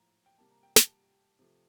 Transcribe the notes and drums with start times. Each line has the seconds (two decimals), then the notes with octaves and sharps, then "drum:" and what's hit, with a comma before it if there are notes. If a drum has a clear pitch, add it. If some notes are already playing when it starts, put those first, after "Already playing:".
Already playing: A2 F3 A#3 A#5
0.26 G5
0.38 C3 G3 A#3 A5
0.50 A#5
0.63 G5
0.76 A5, drum: snare
1.39 C3 F3 A3